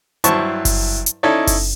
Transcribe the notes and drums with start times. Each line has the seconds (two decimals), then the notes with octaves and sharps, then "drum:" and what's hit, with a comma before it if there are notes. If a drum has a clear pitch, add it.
0.24 G2 F#3 E4 C5 A5 C#6, drum: hi-hat
0.65 drum: kick F#1, open hi-hat
1.06 drum: hi-hat
1.23 C#4 D#4 E4 A4 C#5 D5
1.47 drum: kick F#1, open hi-hat